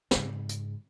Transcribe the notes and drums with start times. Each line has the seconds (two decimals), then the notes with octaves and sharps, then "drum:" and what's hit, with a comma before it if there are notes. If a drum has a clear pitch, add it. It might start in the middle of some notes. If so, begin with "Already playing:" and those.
0.11 G#2 C#3, drum: snare
0.49 drum: hi-hat